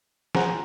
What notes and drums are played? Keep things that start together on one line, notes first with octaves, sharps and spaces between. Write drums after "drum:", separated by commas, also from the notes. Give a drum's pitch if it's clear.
G#4 C5 F#5 A#5, drum: snare